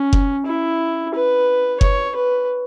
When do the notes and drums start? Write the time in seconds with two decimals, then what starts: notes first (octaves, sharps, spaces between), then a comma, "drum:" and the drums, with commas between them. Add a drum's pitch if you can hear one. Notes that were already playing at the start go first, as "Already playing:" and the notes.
Already playing: C#4
0.13 drum: kick F#1
0.46 E4
1.15 B4
1.81 C#5, drum: kick F#1
2.16 B4